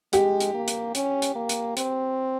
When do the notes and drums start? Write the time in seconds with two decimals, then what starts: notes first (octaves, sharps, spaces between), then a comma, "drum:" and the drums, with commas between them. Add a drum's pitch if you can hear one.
0.13 G#3 G4, drum: hi-hat
0.40 drum: hi-hat
0.54 A#3
0.68 drum: hi-hat
0.95 C#4, drum: hi-hat
1.22 drum: hi-hat
1.35 A#3
1.49 drum: hi-hat
1.77 C4, drum: hi-hat